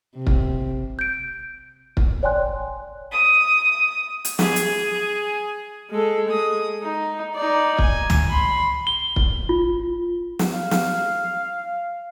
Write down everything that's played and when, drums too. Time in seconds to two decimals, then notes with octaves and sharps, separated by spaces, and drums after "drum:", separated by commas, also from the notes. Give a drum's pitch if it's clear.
0.17 C3
0.27 drum: kick
0.99 G6 D7
1.97 drum: kick
2.23 C#5 D5 G5 G#5 C6 F#6
3.12 D#6
4.25 drum: hi-hat
4.39 G#4, drum: snare
4.56 drum: hi-hat
5.90 G#3 A4
6.28 G#3 D#6
6.82 D#4
7.35 D#4 D5
7.79 G#5, drum: kick
8.10 drum: tom
8.30 B5 C6
8.87 G7
9.16 drum: kick
9.49 F4
10.39 drum: snare
10.54 F5
10.71 drum: snare